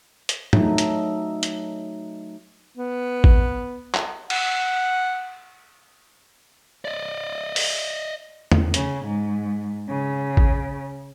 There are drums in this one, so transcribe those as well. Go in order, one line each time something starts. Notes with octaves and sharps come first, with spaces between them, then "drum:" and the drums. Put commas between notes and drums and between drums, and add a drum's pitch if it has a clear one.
drum: hi-hat
F#3 A3 D#4, drum: tom
drum: hi-hat
drum: hi-hat
B3
drum: kick G#1
drum: clap
F#5, drum: cymbal
D5 D#5
drum: open hi-hat
drum: tom
C#3, drum: hi-hat
G#2
C#3
drum: kick G#1